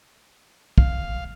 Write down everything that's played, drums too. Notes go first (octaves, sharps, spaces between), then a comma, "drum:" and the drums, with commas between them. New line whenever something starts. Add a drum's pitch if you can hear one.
F5, drum: kick